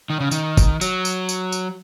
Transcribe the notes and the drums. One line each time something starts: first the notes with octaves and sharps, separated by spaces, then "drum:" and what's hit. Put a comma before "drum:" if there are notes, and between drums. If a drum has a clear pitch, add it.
D#3
C#3
D#3, drum: tambourine
drum: kick, tambourine
F#3, drum: tambourine
drum: tambourine
drum: tambourine
drum: tambourine